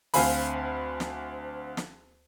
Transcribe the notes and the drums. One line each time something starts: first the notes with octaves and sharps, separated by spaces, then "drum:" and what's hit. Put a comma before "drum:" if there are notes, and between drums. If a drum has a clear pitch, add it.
D2 C4 F5 G#5 B5, drum: open hi-hat
drum: snare
drum: snare